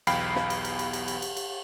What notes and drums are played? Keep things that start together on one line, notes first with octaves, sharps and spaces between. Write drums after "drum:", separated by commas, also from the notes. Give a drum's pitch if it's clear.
B1 E2 F5 G5 B5 C7, drum: cymbal
drum: snare
drum: cymbal
drum: cymbal
drum: cymbal
drum: cymbal
drum: cymbal
drum: cymbal
drum: cymbal